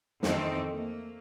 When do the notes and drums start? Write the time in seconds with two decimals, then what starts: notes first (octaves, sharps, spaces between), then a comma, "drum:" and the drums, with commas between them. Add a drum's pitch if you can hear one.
0.23 F2 D#3 E3 C4 D#4 A4, drum: snare
0.69 A3 A#3